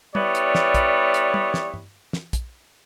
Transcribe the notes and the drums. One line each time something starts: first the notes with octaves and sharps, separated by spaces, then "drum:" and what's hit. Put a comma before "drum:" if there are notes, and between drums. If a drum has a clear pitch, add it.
G3 B3 E4 C#5 D5, drum: tom
drum: hi-hat
drum: snare
drum: kick, hi-hat
drum: hi-hat
drum: tom
drum: snare
drum: tom G2
drum: snare
drum: kick, hi-hat